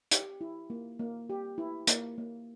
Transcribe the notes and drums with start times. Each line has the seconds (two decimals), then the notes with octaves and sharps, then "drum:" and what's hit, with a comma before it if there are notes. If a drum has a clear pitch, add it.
0.11 G4, drum: hi-hat
0.41 E4
0.70 A#3
0.99 A#3
1.30 G4
1.58 E4
1.87 A#3, drum: hi-hat
2.18 A#3